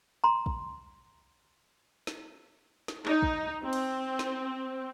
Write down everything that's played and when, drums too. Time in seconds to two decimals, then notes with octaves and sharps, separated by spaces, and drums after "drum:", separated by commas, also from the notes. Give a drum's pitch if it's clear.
0.24 A#5 C6
0.46 drum: kick
2.07 drum: snare
2.88 drum: snare
3.06 D#4, drum: clap
3.22 drum: kick
3.63 C4
3.73 drum: cymbal
4.19 drum: snare